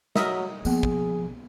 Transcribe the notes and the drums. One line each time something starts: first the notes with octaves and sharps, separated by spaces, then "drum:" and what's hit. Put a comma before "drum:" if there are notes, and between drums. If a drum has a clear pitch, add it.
F#3 A#4 D#5 E5, drum: snare
F3 A#3 B3 G#4, drum: tambourine
drum: kick